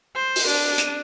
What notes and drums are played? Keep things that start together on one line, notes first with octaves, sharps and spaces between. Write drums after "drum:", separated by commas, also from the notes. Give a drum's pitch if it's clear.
C5
drum: open hi-hat
D4
drum: hi-hat